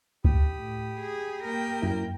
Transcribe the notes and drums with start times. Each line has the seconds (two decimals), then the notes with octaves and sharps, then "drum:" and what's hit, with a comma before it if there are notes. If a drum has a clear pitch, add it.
0.25 G4 B5 D#6, drum: kick C#2
0.56 A2
1.02 G#4
1.46 A#3 A#4 G5
1.82 F#2 E4